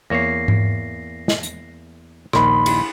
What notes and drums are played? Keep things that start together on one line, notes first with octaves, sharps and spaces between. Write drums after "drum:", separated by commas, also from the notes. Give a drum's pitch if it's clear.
E2 A#3 C#5 A#6 C7
drum: tom G#2
drum: snare
drum: hi-hat
A#1 D#2 D#3 B5 C6, drum: rim click
drum: cymbal